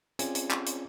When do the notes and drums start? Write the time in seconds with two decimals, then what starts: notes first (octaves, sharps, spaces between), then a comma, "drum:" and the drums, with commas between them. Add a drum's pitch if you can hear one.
0.19 C4 C#4 F4 G#4 D5 G#5, drum: hi-hat
0.35 drum: hi-hat
0.51 drum: clap
0.66 drum: hi-hat